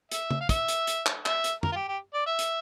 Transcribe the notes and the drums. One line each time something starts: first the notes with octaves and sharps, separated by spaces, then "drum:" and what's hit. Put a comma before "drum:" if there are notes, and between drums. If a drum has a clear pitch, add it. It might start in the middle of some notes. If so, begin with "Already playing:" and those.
E5, drum: hi-hat
drum: tom
F5
E5, drum: kick, hi-hat
drum: hi-hat
drum: hi-hat
drum: clap
E5, drum: clap
drum: hi-hat
A#4, drum: tom
F4
G4
G4
D5
E5
drum: hi-hat